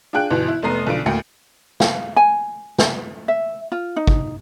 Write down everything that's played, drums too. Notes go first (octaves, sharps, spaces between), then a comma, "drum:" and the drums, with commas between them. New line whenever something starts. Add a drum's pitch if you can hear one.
D4 F4 G#4 G5 F#6 D7
G1 B2 E3
E4
F1 A3 B3 A#5 C7 D#7
B1 D3 F3 D7
D2 A2 A#3 E4 G5 C#7
F5, drum: snare
G#5
drum: snare
E5
F4
D#4
drum: kick